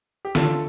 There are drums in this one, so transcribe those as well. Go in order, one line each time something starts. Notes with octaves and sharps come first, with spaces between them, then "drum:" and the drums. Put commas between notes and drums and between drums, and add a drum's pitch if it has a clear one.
G4
D3 A3 F4 A4, drum: snare